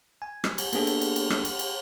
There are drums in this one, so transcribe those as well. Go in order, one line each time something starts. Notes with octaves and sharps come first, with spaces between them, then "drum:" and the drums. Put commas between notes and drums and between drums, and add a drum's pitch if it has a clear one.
G#5
drum: rim click
drum: cymbal
A#3 B3 D4 G#4 A4, drum: cymbal
drum: cymbal
drum: cymbal
drum: cymbal
drum: rim click
drum: cymbal
drum: cymbal